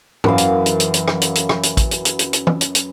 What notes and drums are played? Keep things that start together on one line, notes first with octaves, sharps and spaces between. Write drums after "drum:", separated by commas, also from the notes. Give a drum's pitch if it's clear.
F#2 E3 F5, drum: tom G#2
drum: hi-hat
drum: hi-hat
drum: hi-hat
drum: hi-hat
drum: rim click
drum: hi-hat
drum: hi-hat
drum: rim click
drum: hi-hat
drum: kick, hi-hat
drum: hi-hat
drum: hi-hat
drum: hi-hat
drum: hi-hat
drum: tom
drum: hi-hat
drum: hi-hat